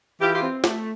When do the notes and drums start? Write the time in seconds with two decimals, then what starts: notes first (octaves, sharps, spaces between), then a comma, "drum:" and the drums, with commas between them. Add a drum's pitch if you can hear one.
0.20 E3 F4 G4
0.34 F4 G4
0.42 C4
0.64 A3, drum: snare